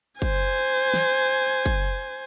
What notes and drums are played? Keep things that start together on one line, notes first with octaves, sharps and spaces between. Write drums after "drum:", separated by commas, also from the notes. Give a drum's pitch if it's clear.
C5 G#5, drum: kick, hi-hat
drum: hi-hat
drum: snare
drum: kick, hi-hat